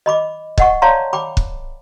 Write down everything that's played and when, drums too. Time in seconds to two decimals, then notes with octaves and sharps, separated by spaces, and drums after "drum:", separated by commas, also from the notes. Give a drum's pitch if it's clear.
0.06 D#5 B5 D6
0.58 D#5 F#5 C#6, drum: kick
0.82 C#5 D5 F5 A5 A#5 C6
1.13 G5 B5 D6
1.37 drum: kick